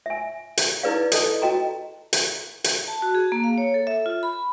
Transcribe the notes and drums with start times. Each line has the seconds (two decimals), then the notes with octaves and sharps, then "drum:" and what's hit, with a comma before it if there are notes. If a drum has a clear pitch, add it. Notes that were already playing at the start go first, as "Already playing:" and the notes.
0.06 E5 G#5
0.57 drum: hi-hat
0.83 D#4 E4 G#4 B4 D5 F5
1.12 A4 D#5 A5, drum: hi-hat
1.42 F#4 D#5 G5 A5 A#5
2.13 drum: hi-hat
2.64 drum: hi-hat
2.88 A5
3.02 F#4
3.15 G#4
3.32 A#3
3.44 F5
3.58 C#5
3.74 A4
3.87 E5
4.06 F4
4.23 B5